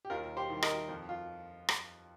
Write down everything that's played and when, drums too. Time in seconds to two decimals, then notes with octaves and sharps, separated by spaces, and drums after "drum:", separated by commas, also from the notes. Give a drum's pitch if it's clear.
0.05 G4
0.10 D#2 F4 A#4
0.37 G4 C5
0.50 D#3 G3
0.62 A#4 D#5, drum: rim click
0.89 F2
1.09 F4
1.69 drum: rim click